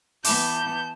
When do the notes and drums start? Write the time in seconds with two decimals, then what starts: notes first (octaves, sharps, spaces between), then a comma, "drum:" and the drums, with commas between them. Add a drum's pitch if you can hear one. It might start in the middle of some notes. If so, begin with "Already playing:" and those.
0.24 E3 B3 A5 B5 D6 G6, drum: open hi-hat